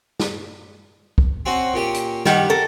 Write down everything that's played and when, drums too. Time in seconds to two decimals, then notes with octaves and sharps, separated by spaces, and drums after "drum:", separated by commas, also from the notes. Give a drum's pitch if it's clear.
0.20 drum: snare
1.18 drum: kick
1.46 C4 C#4 F#4
1.73 A#2 C#4 G4
1.94 drum: hi-hat
2.25 D#3 G3 G4 F#5, drum: snare
2.50 A4 A#4